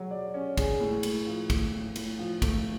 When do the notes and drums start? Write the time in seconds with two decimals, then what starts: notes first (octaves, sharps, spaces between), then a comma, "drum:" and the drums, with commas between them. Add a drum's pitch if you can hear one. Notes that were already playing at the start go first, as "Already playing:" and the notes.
Already playing: F#3 G#4
0.11 D5
0.34 C#4
0.57 G#4, drum: kick, cymbal
0.80 A2
1.03 A2, drum: cymbal
1.27 F3
1.50 A3, drum: kick, cymbal
1.72 A2
1.96 A2, drum: cymbal
2.19 F3
2.42 A3, drum: kick, cymbal